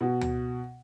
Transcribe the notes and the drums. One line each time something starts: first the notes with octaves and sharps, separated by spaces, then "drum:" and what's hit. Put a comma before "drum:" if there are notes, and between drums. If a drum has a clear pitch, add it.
B2 F#4
drum: tom D2